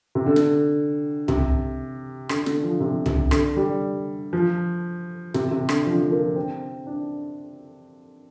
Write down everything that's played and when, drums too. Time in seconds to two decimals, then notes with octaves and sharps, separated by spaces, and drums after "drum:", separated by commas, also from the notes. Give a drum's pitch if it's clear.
0.15 C3
0.26 D3
0.36 drum: snare
1.28 C3, drum: tom
2.29 D3, drum: rim click
2.46 D3, drum: snare
2.63 F3
2.80 C3
3.06 C3, drum: tom
3.31 D3, drum: rim click
3.56 G3
4.33 F3
5.34 C3, drum: snare
5.51 C3
5.69 D3, drum: rim click
5.85 F3
5.93 D3
6.02 F3
6.11 A#3
6.36 C4
6.87 D4